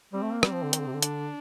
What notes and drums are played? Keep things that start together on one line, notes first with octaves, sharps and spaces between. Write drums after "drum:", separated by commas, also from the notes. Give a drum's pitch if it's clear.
G3 C4
A3
A#3
G3 C4, drum: rim click
F3
D3
D#3, drum: hi-hat
D3
C3
D3
D4, drum: hi-hat